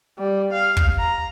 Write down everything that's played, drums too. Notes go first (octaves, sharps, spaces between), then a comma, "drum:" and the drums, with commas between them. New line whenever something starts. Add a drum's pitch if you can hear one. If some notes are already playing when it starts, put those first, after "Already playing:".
G3
F5
drum: kick
A#5